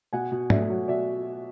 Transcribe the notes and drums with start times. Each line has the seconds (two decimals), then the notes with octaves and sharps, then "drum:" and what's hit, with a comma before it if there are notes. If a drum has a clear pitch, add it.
0.13 B2 F#5 G#5
0.32 B2
0.50 A3 D5 E5, drum: tom G#2
0.70 F#3
0.88 B2 D5 E5